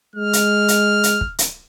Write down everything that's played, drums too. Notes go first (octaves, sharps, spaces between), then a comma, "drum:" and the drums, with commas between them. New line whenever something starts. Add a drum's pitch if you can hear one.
G#3 F6
drum: hi-hat
drum: hi-hat
drum: hi-hat
drum: kick
drum: hi-hat